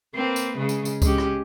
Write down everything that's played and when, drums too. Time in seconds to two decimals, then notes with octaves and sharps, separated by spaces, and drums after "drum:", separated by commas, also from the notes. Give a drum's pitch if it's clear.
0.15 A#3 C4 B4
0.36 drum: tambourine
0.57 C#3 G#3
0.69 drum: tambourine
0.85 drum: tambourine
1.02 G#3 C#4 G4, drum: kick C#2, tambourine
1.18 drum: rim click